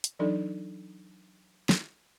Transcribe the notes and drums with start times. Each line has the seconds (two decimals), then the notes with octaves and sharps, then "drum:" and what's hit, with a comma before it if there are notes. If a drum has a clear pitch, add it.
0.04 drum: hi-hat
0.19 E3 F#3 D4 D#4 A4 D5
1.69 drum: snare